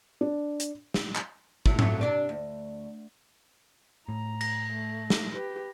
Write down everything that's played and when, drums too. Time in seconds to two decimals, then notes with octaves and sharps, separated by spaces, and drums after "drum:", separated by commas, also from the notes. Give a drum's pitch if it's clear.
0.21 D4
0.60 drum: hi-hat
0.94 drum: snare
1.15 drum: clap
1.66 A2 F#3 E4, drum: kick
1.79 F#3 A3, drum: tom G#2
2.01 C3 D4 D5
2.29 D2
4.08 A2 A#5
4.41 A#6, drum: cymbal
4.73 A3
5.10 drum: snare
5.34 G4 B4